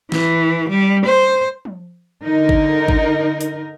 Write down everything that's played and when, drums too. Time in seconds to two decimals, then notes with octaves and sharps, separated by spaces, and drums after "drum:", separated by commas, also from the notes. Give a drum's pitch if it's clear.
0.12 E3, drum: snare
0.70 G3
1.06 C5
1.65 drum: tom F3
2.24 D3 D#4 A#4
2.49 drum: kick G#1
2.88 drum: kick G#1
3.41 drum: hi-hat